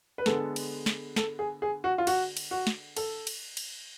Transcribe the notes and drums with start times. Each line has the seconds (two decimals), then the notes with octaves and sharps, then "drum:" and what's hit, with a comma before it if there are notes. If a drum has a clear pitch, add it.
0.18 B4
0.26 D3 G#3 B3 A4, drum: snare
0.56 drum: cymbal
0.86 drum: snare
1.16 A4, drum: snare
1.39 G#4
1.62 G#4
1.84 F#4
1.98 F4
2.07 F#4, drum: cymbal
2.37 drum: cymbal
2.51 F#4
2.67 drum: snare
2.97 A4, drum: cymbal
3.27 drum: cymbal
3.57 drum: cymbal